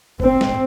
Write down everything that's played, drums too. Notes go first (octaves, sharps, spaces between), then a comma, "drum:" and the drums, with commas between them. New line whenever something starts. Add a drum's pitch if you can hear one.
C4, drum: kick G1
drum: snare